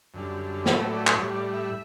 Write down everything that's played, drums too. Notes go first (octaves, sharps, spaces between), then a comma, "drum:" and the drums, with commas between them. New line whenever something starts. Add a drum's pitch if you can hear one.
F#2 D3 G3
A2 F#3 A3 E5, drum: snare
D5
drum: clap
A2 G3 C#5
D5
E5